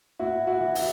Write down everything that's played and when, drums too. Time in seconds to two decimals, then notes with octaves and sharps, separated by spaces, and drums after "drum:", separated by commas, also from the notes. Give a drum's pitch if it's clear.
0.19 A2 E4 F#4
0.47 E4 F#4
0.61 E3
0.75 E4, drum: open hi-hat